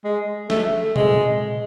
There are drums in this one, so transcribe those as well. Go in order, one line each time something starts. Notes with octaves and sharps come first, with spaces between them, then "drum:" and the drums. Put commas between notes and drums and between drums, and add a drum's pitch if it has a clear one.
G#3
A3, drum: snare
G#3, drum: tom A#2